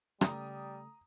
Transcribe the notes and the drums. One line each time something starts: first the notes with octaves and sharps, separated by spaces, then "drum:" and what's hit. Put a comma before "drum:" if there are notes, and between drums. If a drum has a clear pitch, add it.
C#3 G3 A3 A#5 D#6, drum: rim click